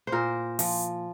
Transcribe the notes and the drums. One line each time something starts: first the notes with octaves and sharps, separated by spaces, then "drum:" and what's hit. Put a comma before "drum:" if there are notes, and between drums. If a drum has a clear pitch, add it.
C5
A#2 A#4
F3, drum: open hi-hat